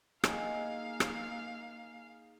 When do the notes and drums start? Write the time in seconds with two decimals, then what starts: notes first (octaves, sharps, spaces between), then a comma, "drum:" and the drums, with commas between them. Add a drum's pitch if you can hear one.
0.24 A#3 D#4 G#4 F5, drum: rim click
1.00 drum: rim click